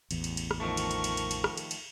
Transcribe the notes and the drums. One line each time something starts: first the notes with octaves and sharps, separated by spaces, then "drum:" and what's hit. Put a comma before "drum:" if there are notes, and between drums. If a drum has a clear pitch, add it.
A1 E2, drum: cymbal
drum: cymbal
drum: cymbal
drum: rim click
D#3 F3 A3 A#4 C#6
drum: cymbal
drum: cymbal
drum: cymbal
drum: cymbal
drum: cymbal
drum: rim click
drum: cymbal
drum: cymbal